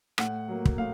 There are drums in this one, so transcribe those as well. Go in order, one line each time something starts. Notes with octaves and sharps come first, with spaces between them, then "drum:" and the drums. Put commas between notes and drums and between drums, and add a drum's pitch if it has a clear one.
A2 F#5, drum: rim click
F#3 A#3
drum: kick
A2 F5